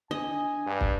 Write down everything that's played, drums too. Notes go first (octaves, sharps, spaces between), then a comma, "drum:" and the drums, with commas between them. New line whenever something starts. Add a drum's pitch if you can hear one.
D4 D#5 G#5
G2
drum: kick